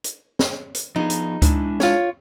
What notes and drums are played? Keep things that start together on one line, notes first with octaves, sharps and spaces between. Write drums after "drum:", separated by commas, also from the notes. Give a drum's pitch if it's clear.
drum: hi-hat
drum: snare
drum: hi-hat
F3 B3 D#4 G#4
drum: hi-hat
G#3 D4 E4, drum: kick D2, hi-hat
F4 C#5, drum: snare